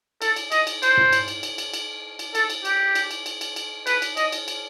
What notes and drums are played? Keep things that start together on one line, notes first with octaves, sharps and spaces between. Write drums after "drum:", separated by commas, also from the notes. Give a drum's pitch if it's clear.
A4, drum: cymbal
drum: cymbal
D#5, drum: cymbal
drum: cymbal
C5, drum: cymbal
drum: tom
drum: cymbal
drum: cymbal
drum: cymbal
drum: cymbal
drum: cymbal
drum: cymbal
A4, drum: cymbal
drum: cymbal
G4, drum: cymbal
drum: cymbal
drum: cymbal
drum: cymbal
drum: cymbal
drum: cymbal
B4, drum: cymbal
drum: cymbal
D#5, drum: cymbal
drum: cymbal
drum: cymbal